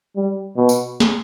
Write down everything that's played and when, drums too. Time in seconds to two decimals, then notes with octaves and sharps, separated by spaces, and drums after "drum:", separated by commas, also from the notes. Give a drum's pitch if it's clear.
0.16 G3
0.57 B2
0.69 drum: tambourine
1.00 drum: snare